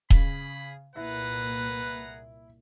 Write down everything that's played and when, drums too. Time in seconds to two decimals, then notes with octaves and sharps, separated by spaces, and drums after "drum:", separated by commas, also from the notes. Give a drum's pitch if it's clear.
0.10 C#3 G#4 B5, drum: kick D#1
0.96 C2 A#2 A#3 E4 G#4 B4 F#5 A#5